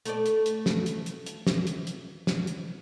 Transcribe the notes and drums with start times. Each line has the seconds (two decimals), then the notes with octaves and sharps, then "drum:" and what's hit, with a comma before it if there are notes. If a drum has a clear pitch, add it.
0.05 A3 D5, drum: hi-hat
0.26 drum: hi-hat
0.46 drum: hi-hat
0.66 drum: snare
0.86 drum: hi-hat
1.06 drum: hi-hat
1.26 drum: hi-hat
1.47 drum: snare
1.67 drum: hi-hat
1.87 drum: hi-hat
2.27 drum: snare
2.47 drum: hi-hat